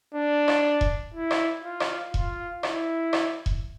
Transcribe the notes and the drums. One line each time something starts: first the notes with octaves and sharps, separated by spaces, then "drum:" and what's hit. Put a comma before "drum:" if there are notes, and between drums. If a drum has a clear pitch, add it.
D4
drum: rim click
drum: kick E1
E4
drum: rim click
F4
drum: rim click
F4, drum: kick E1
E4, drum: rim click
drum: rim click
drum: kick E1